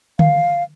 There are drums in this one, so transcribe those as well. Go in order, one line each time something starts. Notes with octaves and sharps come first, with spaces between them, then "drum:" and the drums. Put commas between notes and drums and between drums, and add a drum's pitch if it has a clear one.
F5, drum: tom D3